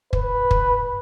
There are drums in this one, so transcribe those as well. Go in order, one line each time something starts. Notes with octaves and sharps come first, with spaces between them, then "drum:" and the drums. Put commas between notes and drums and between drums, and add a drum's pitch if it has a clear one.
B4, drum: kick
drum: kick